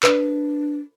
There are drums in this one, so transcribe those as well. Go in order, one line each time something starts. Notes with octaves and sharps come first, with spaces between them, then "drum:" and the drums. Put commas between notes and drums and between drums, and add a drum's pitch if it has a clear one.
D4 B4, drum: clap